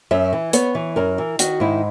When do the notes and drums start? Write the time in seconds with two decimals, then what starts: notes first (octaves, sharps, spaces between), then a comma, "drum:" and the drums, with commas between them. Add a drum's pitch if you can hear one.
0.11 F#2 E5
0.33 E3
0.53 B3 C#5, drum: hi-hat
0.75 E3
0.96 F#2 A#4
1.18 E3
1.39 D#3 F#4, drum: hi-hat
1.60 G#2 E4